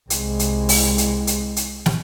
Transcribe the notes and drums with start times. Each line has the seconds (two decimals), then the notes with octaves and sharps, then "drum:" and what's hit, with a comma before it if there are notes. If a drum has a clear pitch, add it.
0.10 C2 G#3, drum: hi-hat
0.39 drum: hi-hat
0.69 drum: open hi-hat
0.98 drum: hi-hat
1.27 drum: hi-hat
1.56 drum: hi-hat
1.86 drum: snare